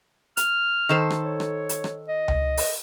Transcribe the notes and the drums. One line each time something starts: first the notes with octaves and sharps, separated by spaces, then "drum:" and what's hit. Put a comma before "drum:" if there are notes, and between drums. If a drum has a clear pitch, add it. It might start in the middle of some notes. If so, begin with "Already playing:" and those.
F6, drum: hi-hat
D#3 A4 C5
drum: rim click
C#5
drum: rim click
drum: hi-hat
drum: rim click
D#5
drum: tom C#2
drum: open hi-hat